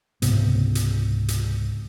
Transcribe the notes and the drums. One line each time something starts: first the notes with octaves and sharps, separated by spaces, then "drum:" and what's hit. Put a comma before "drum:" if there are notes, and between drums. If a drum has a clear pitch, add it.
C#2 G#2 C3 B3, drum: hi-hat
drum: hi-hat
drum: hi-hat